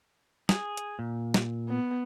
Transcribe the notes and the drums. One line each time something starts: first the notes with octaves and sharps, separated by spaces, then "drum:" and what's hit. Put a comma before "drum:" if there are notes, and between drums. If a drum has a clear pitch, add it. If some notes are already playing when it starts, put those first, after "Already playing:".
G#4, drum: snare
drum: hi-hat
A#2
drum: snare
B3